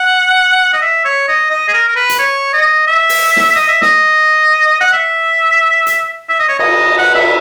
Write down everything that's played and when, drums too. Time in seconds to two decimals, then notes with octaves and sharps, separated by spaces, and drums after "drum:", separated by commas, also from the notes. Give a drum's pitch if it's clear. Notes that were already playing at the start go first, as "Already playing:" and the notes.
Already playing: F#5
0.73 D#5
0.82 E5
1.05 C#5
1.28 D#5
1.50 D#5
1.68 G#4
1.74 A#4
1.88 A#4
1.96 B4
2.10 drum: hi-hat
2.19 C#5
2.53 D#5
2.87 E5
3.09 drum: open hi-hat
3.37 drum: snare
3.55 D#5
3.68 E5
3.82 D#5, drum: snare
4.81 F#5
4.93 E5
5.87 drum: hi-hat
6.29 E5
6.39 D#5
6.49 C#5
6.59 D#5, drum: cymbal
6.98 F#5
7.15 E5, drum: cymbal